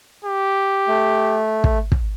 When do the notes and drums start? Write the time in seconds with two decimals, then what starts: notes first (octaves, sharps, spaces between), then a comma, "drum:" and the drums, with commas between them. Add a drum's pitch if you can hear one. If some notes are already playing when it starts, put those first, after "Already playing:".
0.25 G4
0.88 A3
1.64 drum: kick
1.92 drum: kick